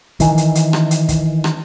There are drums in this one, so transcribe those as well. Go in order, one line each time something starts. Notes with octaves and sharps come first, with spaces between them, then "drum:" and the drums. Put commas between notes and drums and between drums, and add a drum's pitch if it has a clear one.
D#3 E3, drum: kick, hi-hat
drum: hi-hat
drum: hi-hat
drum: rim click
drum: hi-hat
drum: kick, hi-hat
drum: rim click